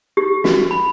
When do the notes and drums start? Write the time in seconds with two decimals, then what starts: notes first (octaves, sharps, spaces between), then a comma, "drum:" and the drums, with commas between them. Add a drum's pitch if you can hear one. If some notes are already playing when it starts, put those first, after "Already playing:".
0.17 G4
0.44 F#4, drum: snare
0.71 B5